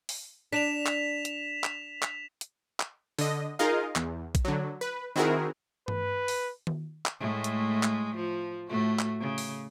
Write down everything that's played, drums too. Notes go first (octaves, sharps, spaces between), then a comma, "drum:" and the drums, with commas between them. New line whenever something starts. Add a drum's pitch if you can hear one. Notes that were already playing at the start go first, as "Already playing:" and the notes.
drum: open hi-hat
D4 B6 E7 F7
drum: clap
drum: hi-hat
drum: clap
drum: clap
drum: hi-hat
drum: clap
D3 D#5, drum: open hi-hat
D#4 F4 G#4 A#4 D#5 F5
E2, drum: clap
drum: kick A#1, hi-hat
D3 F#3
B4
D#3 C4 E4 F#4 G#4 A#4
B4, drum: tom G2
drum: open hi-hat
drum: tom D#3
drum: clap
A2 G#3 A3
drum: hi-hat
drum: clap
F3
A2 A3 F#4
drum: clap
C#3
drum: open hi-hat